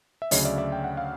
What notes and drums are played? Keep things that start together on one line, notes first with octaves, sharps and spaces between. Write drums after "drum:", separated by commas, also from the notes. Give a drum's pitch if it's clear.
E5
D2 C#3 F#3 C#5 D#5, drum: open hi-hat
D5 E5
D5 E5
G5
F#5
F5